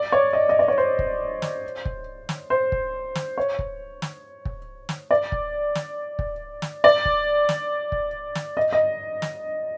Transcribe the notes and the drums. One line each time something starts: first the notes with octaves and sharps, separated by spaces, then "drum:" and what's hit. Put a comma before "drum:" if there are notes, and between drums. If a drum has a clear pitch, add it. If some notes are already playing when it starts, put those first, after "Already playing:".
Already playing: D5
C#5
D#5
D#5
D5
C#5
C5
drum: kick
drum: snare
drum: kick
drum: snare
C5
drum: kick
drum: snare
C#5
drum: kick
drum: snare
drum: kick
drum: snare
D5
drum: kick
drum: snare
drum: kick
drum: snare
D5
drum: kick
drum: snare
drum: kick
drum: snare
D#5
D#5
drum: snare